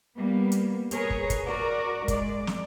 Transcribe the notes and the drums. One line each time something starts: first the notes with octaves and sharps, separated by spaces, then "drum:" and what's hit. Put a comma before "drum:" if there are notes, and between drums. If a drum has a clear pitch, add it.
G3 A#3 B3
drum: hi-hat
G#4 A#4 B4 C#5, drum: hi-hat
drum: kick
drum: kick, hi-hat
F#4 A#4 D5
G#3 D5, drum: kick, hi-hat
drum: snare